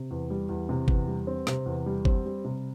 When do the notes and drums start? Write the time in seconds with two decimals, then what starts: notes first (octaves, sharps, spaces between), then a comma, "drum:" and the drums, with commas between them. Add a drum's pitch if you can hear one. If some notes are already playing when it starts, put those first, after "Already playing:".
Already playing: C3
0.11 E2
0.30 G3
0.49 E2
0.69 C3
0.88 E2, drum: kick G1
1.08 G3
1.27 C4
1.47 C3, drum: snare
1.66 E2
1.86 G3
2.05 C4, drum: kick G1
2.26 G3
2.45 C3